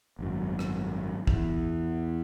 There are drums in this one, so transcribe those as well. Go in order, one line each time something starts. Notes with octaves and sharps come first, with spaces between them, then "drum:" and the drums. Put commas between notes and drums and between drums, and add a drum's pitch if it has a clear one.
G#1 F#2
drum: rim click
E2, drum: kick A#1